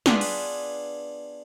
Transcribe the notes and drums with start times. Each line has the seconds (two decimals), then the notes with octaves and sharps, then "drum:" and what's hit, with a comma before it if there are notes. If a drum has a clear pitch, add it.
0.06 B3 D4 F4 G#4 B4, drum: snare
0.21 drum: cymbal